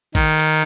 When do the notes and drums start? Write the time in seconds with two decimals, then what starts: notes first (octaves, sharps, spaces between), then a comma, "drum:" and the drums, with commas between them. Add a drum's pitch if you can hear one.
0.15 D#3, drum: kick, cymbal
0.40 drum: cymbal